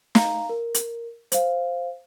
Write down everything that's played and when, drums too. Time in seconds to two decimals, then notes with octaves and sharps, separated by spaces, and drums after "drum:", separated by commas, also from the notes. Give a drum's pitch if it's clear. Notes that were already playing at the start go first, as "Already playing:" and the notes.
0.15 F5 A#5, drum: snare
0.49 A#4
0.74 drum: hi-hat
1.32 C5 F5, drum: hi-hat